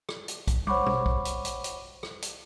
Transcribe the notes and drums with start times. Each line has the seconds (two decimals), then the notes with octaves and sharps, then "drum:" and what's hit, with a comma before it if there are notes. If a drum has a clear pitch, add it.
0.09 drum: rim click
0.28 drum: hi-hat
0.47 drum: kick, hi-hat
0.67 C5 C#5 F#5 B5 C#6 D6, drum: tom
0.86 drum: tom B2
1.06 drum: kick
1.25 drum: hi-hat
1.45 drum: hi-hat
1.64 drum: hi-hat
2.03 drum: rim click
2.22 drum: hi-hat